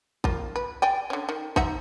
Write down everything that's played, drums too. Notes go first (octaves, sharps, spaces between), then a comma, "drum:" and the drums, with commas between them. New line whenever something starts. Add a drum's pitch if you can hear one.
A#3 F4, drum: kick A1
B4
D5 G5 G#5
D3 C#4
D#3
D#4 E5 F#5, drum: kick A1